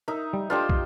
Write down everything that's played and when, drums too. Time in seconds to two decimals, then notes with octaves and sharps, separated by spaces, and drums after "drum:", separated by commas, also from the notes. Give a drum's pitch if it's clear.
0.08 D#4 A#4 E5
0.33 G3
0.50 D4 F4 G4 A4 B4 C5
0.69 drum: kick